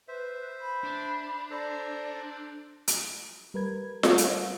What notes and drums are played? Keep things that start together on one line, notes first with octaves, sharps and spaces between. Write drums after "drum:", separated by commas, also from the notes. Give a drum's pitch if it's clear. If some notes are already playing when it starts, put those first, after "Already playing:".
B4 C5 E5
B5
D4
A4 C5 D5 A#5
drum: hi-hat
G3 A#4 B4 G#6
drum: snare F4
drum: hi-hat